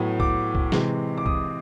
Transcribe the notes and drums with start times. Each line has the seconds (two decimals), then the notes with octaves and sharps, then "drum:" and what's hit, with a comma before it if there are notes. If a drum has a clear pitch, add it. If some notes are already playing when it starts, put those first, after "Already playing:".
Already playing: A2 F#3 B3
0.20 D6, drum: kick C2
0.55 drum: kick C2
0.72 C3 E3 G#3, drum: snare
1.18 D6
1.26 D#6, drum: kick C2